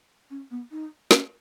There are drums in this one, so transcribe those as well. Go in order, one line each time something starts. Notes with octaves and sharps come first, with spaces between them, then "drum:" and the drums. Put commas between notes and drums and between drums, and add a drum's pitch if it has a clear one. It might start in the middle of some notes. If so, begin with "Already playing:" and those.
C#4
B3
D#4
C#4, drum: snare